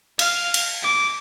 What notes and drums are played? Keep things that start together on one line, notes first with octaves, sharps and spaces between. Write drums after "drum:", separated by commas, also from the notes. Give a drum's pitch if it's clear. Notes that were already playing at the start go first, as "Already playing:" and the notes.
F5, drum: cymbal
drum: cymbal
D6